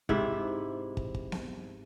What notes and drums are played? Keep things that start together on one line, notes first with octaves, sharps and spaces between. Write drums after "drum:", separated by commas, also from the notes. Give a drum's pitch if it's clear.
G#2 C3 E4, drum: kick
drum: kick
drum: kick
drum: snare B3